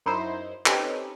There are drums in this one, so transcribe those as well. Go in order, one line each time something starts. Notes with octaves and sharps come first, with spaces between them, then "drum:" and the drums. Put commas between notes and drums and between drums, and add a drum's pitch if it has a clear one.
F#2 D#4 E4 C5
C4 C#4 D#4 G4 A4 B4, drum: clap